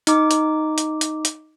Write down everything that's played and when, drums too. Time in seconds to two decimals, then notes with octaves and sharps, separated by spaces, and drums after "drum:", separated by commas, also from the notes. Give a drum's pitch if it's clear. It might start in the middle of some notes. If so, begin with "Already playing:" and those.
0.07 D#4 D6, drum: hi-hat
0.31 drum: hi-hat
0.78 drum: hi-hat
1.01 drum: hi-hat
1.25 drum: hi-hat